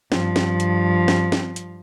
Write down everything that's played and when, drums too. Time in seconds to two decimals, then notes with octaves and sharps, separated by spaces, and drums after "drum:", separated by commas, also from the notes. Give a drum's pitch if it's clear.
0.12 G2 F3, drum: snare
0.36 drum: snare
0.60 drum: hi-hat
1.08 drum: snare
1.32 drum: snare
1.56 drum: hi-hat